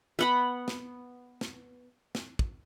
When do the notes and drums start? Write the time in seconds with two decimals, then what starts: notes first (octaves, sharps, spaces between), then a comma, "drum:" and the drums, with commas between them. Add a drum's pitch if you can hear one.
0.19 B3 F#5 B5
0.68 drum: snare
1.41 drum: snare
2.15 drum: snare
2.39 drum: kick